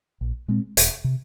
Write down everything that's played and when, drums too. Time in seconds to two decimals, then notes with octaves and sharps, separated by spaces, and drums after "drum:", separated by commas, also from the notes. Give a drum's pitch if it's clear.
0.21 A#1
0.48 A#2 G#3 C4
0.77 E1, drum: hi-hat
1.04 C3